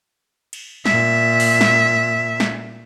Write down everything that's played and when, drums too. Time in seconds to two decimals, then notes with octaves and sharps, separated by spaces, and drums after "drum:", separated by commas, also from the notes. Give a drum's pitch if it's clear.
0.53 drum: cymbal
0.86 A#2 E5, drum: snare
1.40 drum: open hi-hat
1.61 drum: snare
2.40 drum: snare